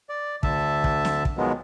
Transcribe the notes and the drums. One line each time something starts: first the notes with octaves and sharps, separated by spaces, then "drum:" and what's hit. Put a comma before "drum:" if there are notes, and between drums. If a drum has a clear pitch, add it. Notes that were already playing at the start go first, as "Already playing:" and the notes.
D5
D2 D3 E5 A5, drum: kick
drum: kick
drum: snare
drum: kick
B2 D#3 F3 F#3 G#3 B3